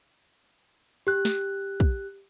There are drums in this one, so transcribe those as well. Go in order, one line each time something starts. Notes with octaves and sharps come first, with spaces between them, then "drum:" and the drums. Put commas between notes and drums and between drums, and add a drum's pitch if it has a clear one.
G4 F#6
drum: snare
drum: kick